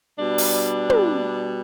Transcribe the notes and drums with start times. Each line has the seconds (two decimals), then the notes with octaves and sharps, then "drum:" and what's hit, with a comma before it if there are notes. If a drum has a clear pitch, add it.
0.18 B2 G3 D4
0.38 drum: open hi-hat
0.90 drum: tom